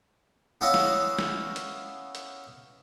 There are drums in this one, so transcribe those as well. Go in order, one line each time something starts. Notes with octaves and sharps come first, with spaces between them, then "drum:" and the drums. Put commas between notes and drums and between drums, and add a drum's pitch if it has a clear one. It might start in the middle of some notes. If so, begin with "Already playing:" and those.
B3 C#4 E4 C#5 D#5 F5
drum: snare
drum: snare
drum: hi-hat
drum: hi-hat